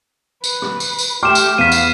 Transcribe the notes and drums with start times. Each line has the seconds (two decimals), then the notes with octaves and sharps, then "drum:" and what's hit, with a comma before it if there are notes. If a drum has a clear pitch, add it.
0.44 B4, drum: tambourine
0.62 drum: rim click
0.80 drum: tambourine
0.99 drum: tambourine
1.23 A3 G4 G5 C6 D6 F6 E7
1.35 drum: tambourine
1.58 E2 B3 F5 B6 D#7
1.72 drum: tambourine